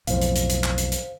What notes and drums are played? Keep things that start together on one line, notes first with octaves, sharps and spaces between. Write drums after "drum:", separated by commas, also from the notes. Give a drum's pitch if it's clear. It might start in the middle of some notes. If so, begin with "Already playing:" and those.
B1 F2 A2 C5 F5, drum: hi-hat
drum: hi-hat
drum: hi-hat
drum: hi-hat
drum: clap
drum: hi-hat
drum: hi-hat